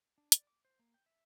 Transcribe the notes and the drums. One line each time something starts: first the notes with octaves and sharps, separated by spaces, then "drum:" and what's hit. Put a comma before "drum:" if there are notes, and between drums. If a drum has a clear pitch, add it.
D4
D5, drum: hi-hat
D6
C5
A#3
G5
E5